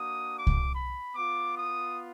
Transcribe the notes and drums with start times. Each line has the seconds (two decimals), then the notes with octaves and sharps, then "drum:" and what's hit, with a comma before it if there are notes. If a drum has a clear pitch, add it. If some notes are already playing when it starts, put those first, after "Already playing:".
Already playing: A#3 D4 F#4 D#6
0.35 D6
0.47 drum: kick C2
0.75 B5
1.16 B3 F4 D6
1.57 D#6